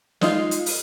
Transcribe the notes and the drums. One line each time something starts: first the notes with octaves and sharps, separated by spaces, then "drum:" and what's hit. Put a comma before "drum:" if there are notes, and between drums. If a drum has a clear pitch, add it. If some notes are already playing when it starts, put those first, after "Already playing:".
G#3 D#4 F4, drum: snare
drum: hi-hat
drum: open hi-hat